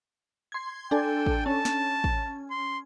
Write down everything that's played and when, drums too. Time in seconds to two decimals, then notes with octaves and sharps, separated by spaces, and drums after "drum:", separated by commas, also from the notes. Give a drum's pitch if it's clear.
0.52 C6 G#6
0.91 D4 A4 G5 G#5
1.26 drum: kick
1.46 C#4 A5
1.65 drum: snare
2.04 drum: kick
2.51 C6